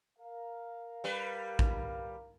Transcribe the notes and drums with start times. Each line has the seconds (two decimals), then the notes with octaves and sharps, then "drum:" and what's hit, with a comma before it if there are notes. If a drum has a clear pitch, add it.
0.19 A#4 F5
1.04 G3 B4
1.59 drum: kick A1